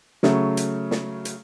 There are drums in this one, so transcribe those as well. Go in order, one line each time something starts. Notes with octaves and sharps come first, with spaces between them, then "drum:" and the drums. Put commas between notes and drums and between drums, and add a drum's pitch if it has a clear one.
C#3 F#3 A3 C#4, drum: snare
drum: hi-hat
drum: snare
drum: hi-hat